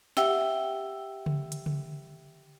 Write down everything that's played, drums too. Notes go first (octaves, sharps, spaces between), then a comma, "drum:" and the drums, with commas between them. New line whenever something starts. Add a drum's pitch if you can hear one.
G4 E5 F#5 G5 E6 G7, drum: snare
drum: tom C#3
drum: hi-hat
drum: tom C#3